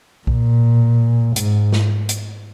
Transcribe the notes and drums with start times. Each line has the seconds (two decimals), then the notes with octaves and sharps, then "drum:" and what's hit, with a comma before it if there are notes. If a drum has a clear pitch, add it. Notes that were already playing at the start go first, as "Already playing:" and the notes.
0.27 A#2, drum: kick B1
1.36 G#2, drum: hi-hat
1.73 drum: snare
2.09 drum: hi-hat